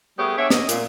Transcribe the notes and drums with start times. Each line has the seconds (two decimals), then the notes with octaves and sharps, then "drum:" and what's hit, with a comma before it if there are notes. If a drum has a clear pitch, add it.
0.18 G3 A3 B3 G4 G#4 C#5
0.37 B3 D4 G#4 C#5 E5
0.50 D#5, drum: snare
0.69 A#2, drum: hi-hat